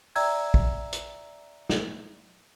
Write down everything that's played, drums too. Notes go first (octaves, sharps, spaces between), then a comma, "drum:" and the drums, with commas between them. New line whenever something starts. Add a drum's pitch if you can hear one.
D5 E5 G5 A#5 E6 G#6, drum: open hi-hat
drum: kick
drum: hi-hat
drum: snare